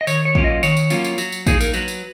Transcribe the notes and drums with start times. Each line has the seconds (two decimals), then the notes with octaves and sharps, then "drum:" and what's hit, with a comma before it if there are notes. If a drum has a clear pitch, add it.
0.01 D#5
0.07 D#3 C#5, drum: tambourine
0.25 C#5
0.35 F#3 A#3 C#4 F4, drum: kick
0.44 D#5
0.63 D#3 C#5, drum: tambourine
0.77 drum: tambourine
0.90 F#3 A#3 C#4 F4, drum: tambourine
1.04 drum: tambourine
1.18 F#3, drum: tambourine
1.32 drum: tambourine
1.47 A#3 D#4 G#4, drum: kick, tambourine
1.61 A#4, drum: tambourine
1.74 F#3 B4, drum: tambourine
1.88 drum: tambourine